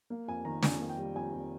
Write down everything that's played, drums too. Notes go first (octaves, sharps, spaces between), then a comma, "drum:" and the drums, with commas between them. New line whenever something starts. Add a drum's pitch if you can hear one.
A#3
F2 G#5
D#3 A#5
F2 G#5, drum: snare
A#3
G5
G3
F2 G#5
F2